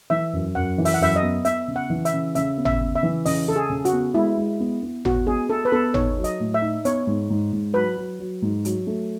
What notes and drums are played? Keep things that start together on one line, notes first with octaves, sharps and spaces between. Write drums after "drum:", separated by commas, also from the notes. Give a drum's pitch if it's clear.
E3 E5
F#2
F#2 F#5
E3
E5, drum: open hi-hat
F#5
F#2 E5
D#5
B3
B3 E5, drum: hi-hat
C#3
F#5
E3
E5, drum: hi-hat
C#3
C#3 E5, drum: hi-hat
B3
E5, drum: tom G#1
C#3
E5
E3
C#3 D#5, drum: open hi-hat
C#3 A4
G#4
C#3
F#4, drum: hi-hat
B3
G#3 E4
G#3
B3
B3
B3 F#4, drum: tom G#1
B3 G#4
B3 A4
B4
B3 A4
D#4 C#5, drum: tom G#1
F#3
D#5, drum: hi-hat
A2
E5
D#4
B3 C#5, drum: hi-hat
G#2
G#2
G#2
F#3 B4
F#3
F#3
G#2
F#3, drum: hi-hat
A3